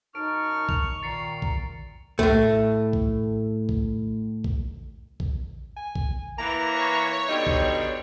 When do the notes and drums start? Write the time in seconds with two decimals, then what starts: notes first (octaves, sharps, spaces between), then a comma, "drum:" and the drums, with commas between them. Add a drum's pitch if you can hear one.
0.15 F#2 D#4 A5 C#6 F6 D7
0.69 F7, drum: kick A1
1.03 A#2 D#3 A#5 A6 C7 C#7
1.42 drum: kick A1
2.19 A2 A3, drum: kick A1
2.93 drum: kick A1
3.69 drum: kick A1
4.44 drum: kick A1
5.20 drum: kick A1
5.77 G#5
5.95 drum: kick A1
6.39 E3 A#3 A#5
6.75 C#5
7.28 B2 D3 G3 D#4
7.47 drum: kick A1